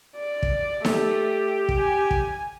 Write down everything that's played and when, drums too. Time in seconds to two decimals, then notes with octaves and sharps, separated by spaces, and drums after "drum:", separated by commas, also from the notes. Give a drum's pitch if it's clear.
0.16 D5
0.43 drum: kick
0.85 A3 G4, drum: snare D#4
1.69 drum: kick
1.78 G#5
2.11 drum: kick